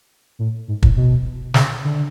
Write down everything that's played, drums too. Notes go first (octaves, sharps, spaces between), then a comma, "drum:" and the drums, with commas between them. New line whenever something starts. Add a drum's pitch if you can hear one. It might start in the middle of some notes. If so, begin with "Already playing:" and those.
A2
G#2
A2, drum: kick
B2
C#3, drum: snare
D3